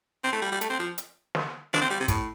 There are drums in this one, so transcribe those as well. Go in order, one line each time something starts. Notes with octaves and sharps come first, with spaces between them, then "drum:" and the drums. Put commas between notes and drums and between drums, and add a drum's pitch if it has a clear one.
C4
A3
G3
G3
A3, drum: hi-hat
C4
F3
drum: hi-hat
drum: snare
D4, drum: snare
C4
G3
C3
A2, drum: kick, hi-hat